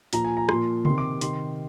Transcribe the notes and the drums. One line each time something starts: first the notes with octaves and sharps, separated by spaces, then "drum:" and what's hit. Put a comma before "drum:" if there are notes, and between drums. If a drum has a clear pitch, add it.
A#2 F3 A#5, drum: hi-hat
G#5
A#5
A#2 F3 C6, drum: rim click
D#3 C6, drum: tom C#3
C3
D6
C3 D#3 C6, drum: hi-hat